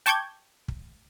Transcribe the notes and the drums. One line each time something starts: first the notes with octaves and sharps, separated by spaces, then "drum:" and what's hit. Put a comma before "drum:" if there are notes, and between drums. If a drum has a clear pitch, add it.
G5 A5 C#6 D6 G6 G#6, drum: hi-hat
drum: kick